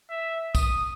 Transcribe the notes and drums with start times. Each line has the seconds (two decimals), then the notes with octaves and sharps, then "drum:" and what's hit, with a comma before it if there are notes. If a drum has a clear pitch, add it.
0.10 E5
0.55 D#6, drum: kick, tambourine